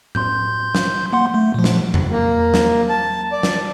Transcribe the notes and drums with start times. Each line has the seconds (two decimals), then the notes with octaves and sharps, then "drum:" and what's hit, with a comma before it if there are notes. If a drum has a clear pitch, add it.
0.15 C6 G6, drum: tom A2
0.75 drum: snare
1.13 A#3 F#5 C6
1.34 A3
1.54 A#2 F3
1.64 drum: snare
1.94 drum: tom E2
2.11 A#3
2.54 drum: snare
2.89 A5
3.32 D5
3.43 drum: snare